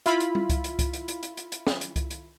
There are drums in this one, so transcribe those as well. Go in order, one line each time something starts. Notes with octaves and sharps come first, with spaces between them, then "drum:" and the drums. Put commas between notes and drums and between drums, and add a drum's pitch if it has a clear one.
E4 F4 B5, drum: hi-hat
drum: hi-hat
drum: tom
drum: kick C2, hi-hat
drum: hi-hat
drum: kick C2, hi-hat
drum: hi-hat
drum: hi-hat
drum: hi-hat
drum: hi-hat
drum: hi-hat
drum: snare
drum: hi-hat
drum: kick C2, hi-hat
drum: hi-hat